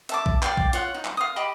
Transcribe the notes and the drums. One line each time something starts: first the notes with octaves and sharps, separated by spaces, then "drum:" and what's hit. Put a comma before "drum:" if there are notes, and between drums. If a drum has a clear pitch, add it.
E5 A5 D6, drum: hi-hat
drum: kick A#1
D5 F5 G5, drum: clap
drum: kick A#1
F4 C#5 F#5, drum: hi-hat
D#4
drum: clap
F5 D#6
G4 D#5 B5